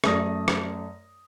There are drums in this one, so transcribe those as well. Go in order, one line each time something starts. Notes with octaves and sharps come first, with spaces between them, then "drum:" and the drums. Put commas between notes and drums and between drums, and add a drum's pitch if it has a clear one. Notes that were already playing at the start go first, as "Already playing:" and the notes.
F#2 A3 D5 D#6 A#6, drum: rim click
drum: rim click